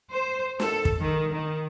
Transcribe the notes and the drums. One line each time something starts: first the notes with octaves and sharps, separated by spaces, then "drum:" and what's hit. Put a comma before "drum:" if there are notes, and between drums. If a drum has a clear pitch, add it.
C5
A4, drum: snare
drum: kick
D#3
D#3